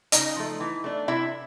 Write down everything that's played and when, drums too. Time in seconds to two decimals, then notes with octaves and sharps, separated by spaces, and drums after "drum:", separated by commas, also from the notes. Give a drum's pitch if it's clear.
0.12 C#3 D#4 D#5, drum: hi-hat
0.36 F3 A3
0.60 E3
0.84 A3 D4
1.08 C3 E4 E5